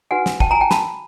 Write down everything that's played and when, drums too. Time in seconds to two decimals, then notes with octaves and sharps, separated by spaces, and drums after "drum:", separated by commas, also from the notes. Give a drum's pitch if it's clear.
0.11 D#4 F#4 B4 F#5 G#5
0.26 drum: snare
0.40 G5 A5, drum: kick
0.51 G#5 A#5
0.60 G5 A5
0.71 A5 B5, drum: snare